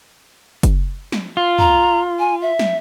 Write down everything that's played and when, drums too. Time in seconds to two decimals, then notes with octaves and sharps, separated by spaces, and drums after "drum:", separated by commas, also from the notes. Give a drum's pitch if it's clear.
0.63 drum: kick F#1, hi-hat
1.12 drum: snare
1.37 F4
1.59 A#5, drum: tom
2.19 G#5
2.42 E5
2.59 drum: snare